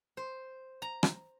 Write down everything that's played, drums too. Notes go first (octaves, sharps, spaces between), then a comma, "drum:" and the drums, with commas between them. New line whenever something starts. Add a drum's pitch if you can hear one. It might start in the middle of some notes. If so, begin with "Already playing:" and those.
C5
A#5
drum: rim click